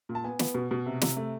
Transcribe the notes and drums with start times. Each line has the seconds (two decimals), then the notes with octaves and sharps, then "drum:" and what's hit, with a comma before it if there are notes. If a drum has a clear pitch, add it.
0.09 A#2
0.15 A5
0.24 B3 G#5
0.39 B3, drum: snare
0.54 B2
0.71 B2
0.86 C3
1.01 C3, drum: snare
1.17 A3